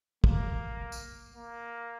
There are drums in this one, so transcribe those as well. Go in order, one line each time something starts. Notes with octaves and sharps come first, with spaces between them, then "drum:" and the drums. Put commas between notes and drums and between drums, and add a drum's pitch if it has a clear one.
A#3, drum: kick
drum: tambourine
A#3